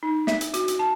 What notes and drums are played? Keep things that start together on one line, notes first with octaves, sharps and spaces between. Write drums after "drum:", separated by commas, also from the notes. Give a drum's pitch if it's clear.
D#4
E5, drum: snare
drum: hi-hat
F#4, drum: hi-hat
drum: hi-hat
A5